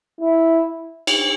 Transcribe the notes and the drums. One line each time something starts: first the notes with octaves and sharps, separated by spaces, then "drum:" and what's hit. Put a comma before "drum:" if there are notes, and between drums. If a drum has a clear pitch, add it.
E4
drum: cymbal